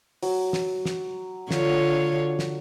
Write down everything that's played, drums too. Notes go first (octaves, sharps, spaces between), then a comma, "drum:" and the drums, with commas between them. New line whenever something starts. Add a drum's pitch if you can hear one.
F#3, drum: open hi-hat
drum: snare
drum: snare
D3 F4 C#5, drum: snare
drum: snare